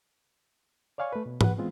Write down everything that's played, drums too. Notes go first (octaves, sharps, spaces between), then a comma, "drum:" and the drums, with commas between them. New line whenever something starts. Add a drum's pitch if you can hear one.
C#5 D5 F5 G#5 C#6
A3 B4
B2
B4 F#5, drum: tom G#2
E3 G#3 B3 C4 F4